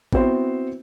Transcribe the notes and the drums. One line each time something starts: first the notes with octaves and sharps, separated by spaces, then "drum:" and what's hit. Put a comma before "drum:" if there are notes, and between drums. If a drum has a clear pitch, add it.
B3 C4 E4 F#4 C5, drum: kick A1